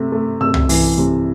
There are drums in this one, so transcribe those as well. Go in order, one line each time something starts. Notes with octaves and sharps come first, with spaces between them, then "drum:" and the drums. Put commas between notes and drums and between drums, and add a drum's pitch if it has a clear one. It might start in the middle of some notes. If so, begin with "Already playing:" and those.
Already playing: C3 A3
A3
C3 E6
drum: tom
E3, drum: open hi-hat
C3